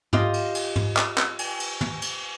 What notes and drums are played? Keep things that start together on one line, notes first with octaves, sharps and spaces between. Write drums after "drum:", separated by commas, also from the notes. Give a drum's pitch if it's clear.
F4 G4 D#5, drum: tom
drum: cymbal
drum: cymbal
drum: tom
drum: clap
drum: clap
drum: cymbal
drum: cymbal
drum: tom
drum: cymbal